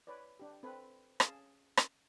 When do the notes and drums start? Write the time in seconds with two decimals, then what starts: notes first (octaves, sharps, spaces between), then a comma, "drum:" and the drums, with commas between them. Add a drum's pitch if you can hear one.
0.07 B4 C#5 D5
0.39 D4 G4
0.63 C4 A4 B4
1.20 C#4 G#4 F5 A5, drum: rim click
1.77 drum: rim click